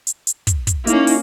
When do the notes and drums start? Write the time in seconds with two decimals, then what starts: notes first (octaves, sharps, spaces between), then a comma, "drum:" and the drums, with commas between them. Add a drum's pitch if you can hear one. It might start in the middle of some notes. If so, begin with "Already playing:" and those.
0.07 drum: hi-hat
0.27 drum: hi-hat
0.47 drum: kick, hi-hat
0.67 drum: kick, hi-hat
0.87 A#3 C#4 D#4 E4, drum: hi-hat
1.07 drum: open hi-hat